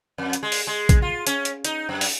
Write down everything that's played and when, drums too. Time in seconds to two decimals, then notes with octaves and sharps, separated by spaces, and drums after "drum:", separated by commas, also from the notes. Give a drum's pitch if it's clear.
0.18 F2
0.33 drum: hi-hat
0.43 G#3
0.52 drum: open hi-hat
0.67 G#3
0.89 drum: kick A#1, hi-hat
1.02 F4
1.27 C#4, drum: hi-hat
1.45 drum: hi-hat
1.65 D#4, drum: hi-hat
1.89 F#2
2.01 drum: open hi-hat